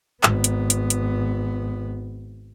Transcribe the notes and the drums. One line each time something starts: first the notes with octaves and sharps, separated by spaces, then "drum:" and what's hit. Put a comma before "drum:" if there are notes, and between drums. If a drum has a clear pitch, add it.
G#1 B3, drum: clap
drum: hi-hat
drum: hi-hat
drum: hi-hat